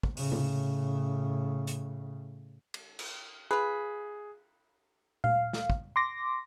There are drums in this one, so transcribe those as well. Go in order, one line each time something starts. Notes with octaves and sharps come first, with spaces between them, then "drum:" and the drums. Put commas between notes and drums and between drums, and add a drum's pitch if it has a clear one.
drum: kick
A2 C#3, drum: open hi-hat
drum: tom C3
drum: hi-hat
drum: cymbal
drum: cymbal
F4 G#4 B4
F5, drum: tom A#2
drum: snare
drum: kick
C6 D6 A#6